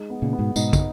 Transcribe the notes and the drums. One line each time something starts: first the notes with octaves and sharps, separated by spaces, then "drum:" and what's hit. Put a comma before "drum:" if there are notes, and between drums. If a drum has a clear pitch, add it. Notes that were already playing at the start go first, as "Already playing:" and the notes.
Already playing: G#3 D#4
B3
A#2 C#3
B3
G#2 B2
G#2 B2 D#4, drum: tambourine
drum: kick, tambourine